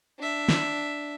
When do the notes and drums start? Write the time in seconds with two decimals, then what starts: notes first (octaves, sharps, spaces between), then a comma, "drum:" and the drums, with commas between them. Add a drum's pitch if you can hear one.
0.19 D4 E5
0.49 drum: snare